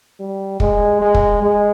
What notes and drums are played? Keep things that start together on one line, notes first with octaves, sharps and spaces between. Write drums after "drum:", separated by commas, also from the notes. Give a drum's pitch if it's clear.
G3
G#3, drum: kick
G#3
drum: kick
G#3